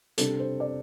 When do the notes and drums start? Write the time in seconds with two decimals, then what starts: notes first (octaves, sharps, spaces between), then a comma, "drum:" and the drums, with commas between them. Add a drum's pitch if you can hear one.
0.18 C3 G3 D4 A4, drum: hi-hat
0.39 C5
0.60 D5